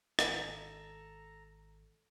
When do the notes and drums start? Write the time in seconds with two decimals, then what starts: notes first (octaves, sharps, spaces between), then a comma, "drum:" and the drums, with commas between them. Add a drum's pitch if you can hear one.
0.19 G#1 A4 A#5, drum: rim click